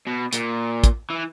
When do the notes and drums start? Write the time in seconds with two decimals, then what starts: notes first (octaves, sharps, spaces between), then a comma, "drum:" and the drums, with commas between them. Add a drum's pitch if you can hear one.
0.07 B2
0.33 A#2, drum: hi-hat
0.84 drum: kick, hi-hat
1.10 E3